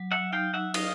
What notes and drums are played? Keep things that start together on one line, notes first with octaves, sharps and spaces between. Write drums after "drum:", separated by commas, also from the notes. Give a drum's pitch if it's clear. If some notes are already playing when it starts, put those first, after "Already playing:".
Already playing: F#3
E5 F#5
D#4 F5 G5
E5 F#5
D#4 D#5 F5, drum: cymbal